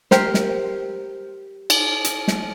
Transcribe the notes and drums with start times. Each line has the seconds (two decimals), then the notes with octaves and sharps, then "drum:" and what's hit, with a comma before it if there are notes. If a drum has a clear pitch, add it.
0.11 G4 A#4 C5, drum: snare
0.34 drum: snare
1.70 drum: cymbal
2.04 drum: hi-hat
2.28 drum: snare